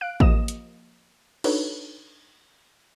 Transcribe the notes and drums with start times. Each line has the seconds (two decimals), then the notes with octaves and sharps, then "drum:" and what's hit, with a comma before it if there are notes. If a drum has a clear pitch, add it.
0.01 F5 F#6 D7
0.20 F3 A#3 G4 D#5 D#6 E7, drum: kick A1
0.48 drum: hi-hat
1.44 D4 D#4 F#4 A4 B4 C#5, drum: cymbal